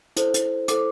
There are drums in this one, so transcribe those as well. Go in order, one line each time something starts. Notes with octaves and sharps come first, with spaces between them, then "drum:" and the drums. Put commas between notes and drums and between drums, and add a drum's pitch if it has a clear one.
E4 A4 C5, drum: hi-hat
drum: hi-hat
E4 A4 C5 D6, drum: hi-hat